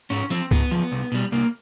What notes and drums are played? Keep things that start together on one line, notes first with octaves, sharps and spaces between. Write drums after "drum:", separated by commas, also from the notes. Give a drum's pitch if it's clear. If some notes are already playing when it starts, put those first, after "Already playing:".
G#2 C#4
F3 C4, drum: tambourine
G#2 B3, drum: kick C#2
F3
C2
B2 G3
C2 A#3